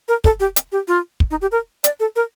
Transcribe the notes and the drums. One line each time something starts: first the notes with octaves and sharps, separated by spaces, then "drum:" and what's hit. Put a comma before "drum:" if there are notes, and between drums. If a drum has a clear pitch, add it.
A#4
A4, drum: kick
G4
drum: hi-hat
G4
F4
drum: kick
D#4
G4
A#4
D5, drum: hi-hat
A4
A#4